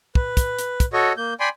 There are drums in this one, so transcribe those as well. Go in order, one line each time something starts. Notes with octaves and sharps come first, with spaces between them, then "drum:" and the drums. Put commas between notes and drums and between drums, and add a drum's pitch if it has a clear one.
B4, drum: kick
drum: kick, hi-hat
drum: hi-hat
drum: kick, hi-hat
F#4 A4 C#5 D#5
A#3 G6
D5 G5 G#5 B5 C6